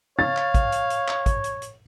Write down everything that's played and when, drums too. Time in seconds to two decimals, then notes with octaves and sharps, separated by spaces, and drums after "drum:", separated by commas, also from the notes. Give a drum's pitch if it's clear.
0.19 C#5 F5 A6
0.37 drum: clap
0.54 drum: kick, hi-hat
0.72 drum: hi-hat
0.90 drum: hi-hat
1.08 drum: clap
1.26 drum: kick, hi-hat
1.44 drum: hi-hat
1.62 drum: hi-hat